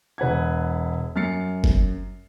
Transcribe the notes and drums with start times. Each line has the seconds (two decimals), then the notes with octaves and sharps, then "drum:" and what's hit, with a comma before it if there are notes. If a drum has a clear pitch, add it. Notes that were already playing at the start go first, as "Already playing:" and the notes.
0.18 E1 B4 F#5 G#6
1.16 F#2 F6 A6 C7 C#7
1.64 drum: kick G1